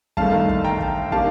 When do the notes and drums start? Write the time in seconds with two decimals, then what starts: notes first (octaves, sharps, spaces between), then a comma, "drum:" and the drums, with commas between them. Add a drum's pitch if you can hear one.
0.17 G1 G2 D#3 A3 F5 A5, drum: kick
0.49 drum: kick
0.64 G5 A#5
0.80 drum: kick
1.12 D#3 A#3 D4 G4 F5 A5, drum: kick